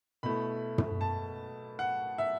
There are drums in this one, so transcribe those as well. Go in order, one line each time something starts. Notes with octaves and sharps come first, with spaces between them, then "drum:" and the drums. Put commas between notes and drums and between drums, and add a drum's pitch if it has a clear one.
B2 A3 E4 B5
drum: tom
A5
F#5
E5